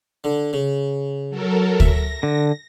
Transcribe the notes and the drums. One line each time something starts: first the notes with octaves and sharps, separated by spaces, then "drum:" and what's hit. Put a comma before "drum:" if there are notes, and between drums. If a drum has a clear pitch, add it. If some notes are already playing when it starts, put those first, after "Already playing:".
D3
C#3
F#3 A4 A#4
E5 A#6, drum: kick D2
D3